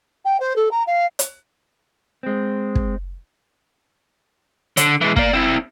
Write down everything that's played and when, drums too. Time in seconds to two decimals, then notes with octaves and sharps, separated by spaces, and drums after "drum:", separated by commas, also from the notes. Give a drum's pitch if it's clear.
0.25 G5
0.40 C5
0.56 A4
0.71 A#5
0.87 F5
1.19 drum: hi-hat
2.23 G#3 C4
2.75 drum: kick
4.77 D3, drum: hi-hat
5.01 E3 G#3
5.16 A#3 D5, drum: kick
5.33 C4 E4